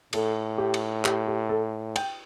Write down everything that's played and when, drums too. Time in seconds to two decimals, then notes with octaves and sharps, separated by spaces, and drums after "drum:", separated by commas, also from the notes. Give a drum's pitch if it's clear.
0.13 A2 A4, drum: cymbal
0.58 G4
0.74 drum: cymbal
1.05 G4, drum: clap
1.27 G4
1.49 A4
1.96 G5, drum: cymbal